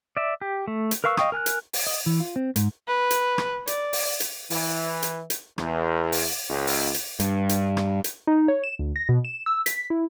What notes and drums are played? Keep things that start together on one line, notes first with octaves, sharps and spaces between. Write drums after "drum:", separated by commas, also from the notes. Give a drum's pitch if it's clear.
D5 E5
G4
A3
drum: hi-hat
A#4 B4 F5 C#6 E6
D#5 F5 G5 C#6 D#6, drum: rim click
A#4 G#5 F6 F#6
drum: hi-hat
drum: open hi-hat
D#5
E3
F4
C4
G#2, drum: hi-hat
B4
drum: hi-hat
drum: rim click
D5, drum: hi-hat
drum: open hi-hat
drum: hi-hat
E3, drum: open hi-hat
drum: hi-hat
drum: hi-hat
E2, drum: rim click
drum: open hi-hat
C#2
drum: open hi-hat
drum: hi-hat
G2, drum: hi-hat
drum: hi-hat
drum: rim click
drum: hi-hat
D#4
C#5
E7
D2
A#6
B2
E7
E6
B6, drum: hi-hat
E4